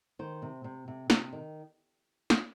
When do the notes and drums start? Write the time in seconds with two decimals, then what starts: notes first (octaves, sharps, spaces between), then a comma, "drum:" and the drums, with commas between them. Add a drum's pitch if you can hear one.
0.19 D#3 C5
0.42 C3
0.64 C3
0.88 C3
1.10 C3, drum: snare
1.33 D#3
2.30 drum: snare